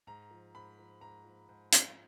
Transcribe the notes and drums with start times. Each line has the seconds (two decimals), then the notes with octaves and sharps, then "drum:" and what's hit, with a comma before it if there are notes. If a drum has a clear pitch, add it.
0.07 G#2 A#5
0.31 F3
0.55 G#2 B5
0.79 F3
1.01 G#2 A#5
1.25 F3
1.49 G#2
1.72 F3, drum: hi-hat